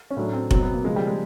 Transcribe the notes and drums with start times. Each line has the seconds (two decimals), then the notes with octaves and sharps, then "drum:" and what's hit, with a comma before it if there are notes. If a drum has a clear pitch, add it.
0.11 C#4
0.16 A2 F#3 D4
0.33 C4
0.51 B2 F#3 C4, drum: kick F1
0.63 B3
0.74 A#3
0.84 C#3 F3 G#3
0.96 G3
1.07 G#3